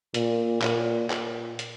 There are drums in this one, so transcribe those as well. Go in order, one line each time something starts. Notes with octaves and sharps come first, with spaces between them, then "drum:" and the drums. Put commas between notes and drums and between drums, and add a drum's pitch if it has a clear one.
A#2, drum: hi-hat
A#2, drum: clap
A#2, drum: clap
drum: hi-hat